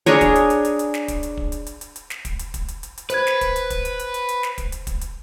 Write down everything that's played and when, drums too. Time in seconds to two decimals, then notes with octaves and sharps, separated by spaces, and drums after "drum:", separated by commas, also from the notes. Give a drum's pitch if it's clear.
0.06 D4 G#4 A#4 C#5, drum: hi-hat
0.21 drum: kick, hi-hat
0.35 drum: hi-hat
0.50 drum: hi-hat
0.65 drum: hi-hat
0.79 drum: hi-hat
0.94 drum: snare
1.08 drum: kick, hi-hat
1.23 drum: hi-hat
1.37 drum: kick
1.52 drum: hi-hat
1.67 drum: hi-hat
1.81 drum: hi-hat
1.96 drum: hi-hat
2.10 drum: snare
2.25 drum: kick, hi-hat
2.39 drum: hi-hat
2.54 drum: kick, hi-hat
2.68 drum: hi-hat
2.83 drum: hi-hat
2.98 drum: hi-hat
3.10 B4 C5 G#6, drum: hi-hat
3.27 drum: snare
3.41 drum: kick, hi-hat
3.56 drum: hi-hat
3.70 drum: kick, hi-hat
3.85 drum: hi-hat
3.99 drum: hi-hat
4.14 drum: hi-hat
4.29 drum: hi-hat
4.43 drum: snare
4.58 drum: kick, hi-hat
4.72 drum: hi-hat
4.87 drum: kick, hi-hat
5.01 drum: hi-hat